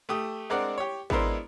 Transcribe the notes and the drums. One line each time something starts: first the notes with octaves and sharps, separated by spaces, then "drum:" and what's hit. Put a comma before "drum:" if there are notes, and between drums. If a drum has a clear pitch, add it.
A3 G4 D#6
G#3 C4 D4 A#4 D5 F#5
G4 C#5
G#3 B3 D4 E4 A#4 C5, drum: kick G#1